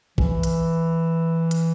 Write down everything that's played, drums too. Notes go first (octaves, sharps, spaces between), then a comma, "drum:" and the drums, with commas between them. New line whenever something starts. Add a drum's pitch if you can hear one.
E3, drum: kick
drum: hi-hat
drum: hi-hat